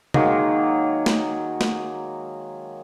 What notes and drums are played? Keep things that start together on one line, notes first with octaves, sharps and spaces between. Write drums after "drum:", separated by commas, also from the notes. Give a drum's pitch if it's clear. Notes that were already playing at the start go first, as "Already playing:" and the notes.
D#3 F#3 G#3 A#3, drum: tom C3
drum: snare
drum: snare